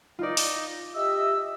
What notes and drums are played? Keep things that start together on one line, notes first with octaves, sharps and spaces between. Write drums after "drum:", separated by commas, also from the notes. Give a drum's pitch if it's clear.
D#4 F4 D5
drum: open hi-hat
G4 D#5 E5 E6